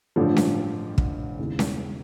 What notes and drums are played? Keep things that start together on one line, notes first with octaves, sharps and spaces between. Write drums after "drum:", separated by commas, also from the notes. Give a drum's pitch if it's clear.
A1 G2 D3 F3
drum: snare C#4
drum: kick
E1 D#2 C#3 E3
drum: snare C#4